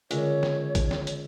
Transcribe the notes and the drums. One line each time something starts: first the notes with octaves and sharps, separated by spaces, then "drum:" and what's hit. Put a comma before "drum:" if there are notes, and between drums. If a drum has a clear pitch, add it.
C#2 D3 G#3 A#4 C#5, drum: hi-hat
drum: snare
drum: kick, hi-hat
drum: snare
drum: hi-hat